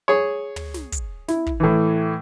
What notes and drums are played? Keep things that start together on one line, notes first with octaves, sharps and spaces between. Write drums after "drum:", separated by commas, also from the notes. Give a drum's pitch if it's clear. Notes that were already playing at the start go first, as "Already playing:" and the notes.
G#4 C#5
drum: tom
drum: snare
drum: kick, hi-hat
E4, drum: snare
drum: kick
A2 E3